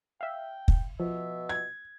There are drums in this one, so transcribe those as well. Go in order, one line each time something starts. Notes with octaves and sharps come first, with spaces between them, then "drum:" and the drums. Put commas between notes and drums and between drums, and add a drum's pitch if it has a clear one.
E5 F5 G5
drum: kick
B2 F3 E5
G#6